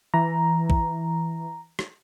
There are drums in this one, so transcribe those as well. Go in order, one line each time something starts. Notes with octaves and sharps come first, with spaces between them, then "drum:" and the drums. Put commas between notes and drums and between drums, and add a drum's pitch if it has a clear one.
E3 A#5
drum: kick A#1
drum: rim click